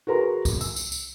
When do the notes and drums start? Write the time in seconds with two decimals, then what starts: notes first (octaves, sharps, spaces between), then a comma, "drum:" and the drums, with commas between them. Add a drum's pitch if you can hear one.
0.07 F#4 G#4 A#4 B4 A#5 C6
0.45 drum: kick C2, tambourine
0.61 E6, drum: tambourine
0.76 drum: tambourine
0.92 drum: tambourine